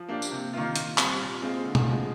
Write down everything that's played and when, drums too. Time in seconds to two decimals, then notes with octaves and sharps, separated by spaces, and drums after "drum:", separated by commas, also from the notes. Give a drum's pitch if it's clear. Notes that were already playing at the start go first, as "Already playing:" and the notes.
Already playing: F3
0.08 A#3 D4 G4
0.22 drum: tambourine
0.32 C3
0.53 D#3 A#3 F4
0.76 A#2, drum: hi-hat
0.98 G3 C4, drum: clap
1.19 A#2
1.42 G#3 C4 F4
1.64 D3
1.75 drum: tom
1.85 F3 G#3